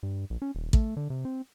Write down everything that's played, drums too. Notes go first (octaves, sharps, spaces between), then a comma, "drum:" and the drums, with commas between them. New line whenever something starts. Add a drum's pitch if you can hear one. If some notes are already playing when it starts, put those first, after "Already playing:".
G2
A#1
C#4
D#1
A3, drum: kick
D3
C3
C4